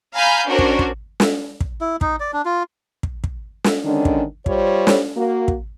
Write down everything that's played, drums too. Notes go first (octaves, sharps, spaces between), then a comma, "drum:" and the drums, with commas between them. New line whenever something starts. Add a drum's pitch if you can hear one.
F5 G#5 A#5 B5 F6 G6
C#4 D4 F#4 A#4 C5
drum: kick
drum: kick
drum: snare
drum: kick
E4
D#4, drum: kick
D5
D4
F4
drum: kick
drum: kick
drum: snare
D3 D#3 G#3 C#4 D4
drum: kick
G3 F4 C5 C#5, drum: kick
drum: snare
A#3 F#4
drum: kick